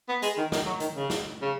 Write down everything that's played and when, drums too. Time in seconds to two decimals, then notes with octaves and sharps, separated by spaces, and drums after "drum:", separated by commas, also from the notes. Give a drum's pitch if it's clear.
0.09 B3
0.22 G#3, drum: hi-hat
0.37 D#3
0.52 D#3, drum: snare
0.66 F#3
0.80 D#3, drum: hi-hat
0.96 C#3
1.10 drum: snare
1.42 C#3